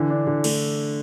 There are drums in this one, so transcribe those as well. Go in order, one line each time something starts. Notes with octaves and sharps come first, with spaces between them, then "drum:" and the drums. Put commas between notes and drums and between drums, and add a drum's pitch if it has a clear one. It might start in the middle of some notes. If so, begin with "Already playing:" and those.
Already playing: D3 E3
D4
D3
A3, drum: cymbal